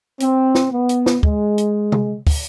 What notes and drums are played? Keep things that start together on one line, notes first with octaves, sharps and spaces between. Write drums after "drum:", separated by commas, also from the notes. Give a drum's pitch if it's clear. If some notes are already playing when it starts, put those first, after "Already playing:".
C4, drum: hi-hat
drum: snare
B3
drum: hi-hat
drum: snare
G#3, drum: kick
drum: hi-hat
drum: tom C3
drum: kick, open hi-hat